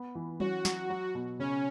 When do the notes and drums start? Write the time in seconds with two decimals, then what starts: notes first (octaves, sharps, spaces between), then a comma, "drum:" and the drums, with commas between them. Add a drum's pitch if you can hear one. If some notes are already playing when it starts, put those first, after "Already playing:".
Already playing: B3
0.15 E3
0.40 C#4 F#4, drum: tom F#3
0.65 F#3, drum: snare
0.90 F#3
1.15 B2
1.39 C#3 C#4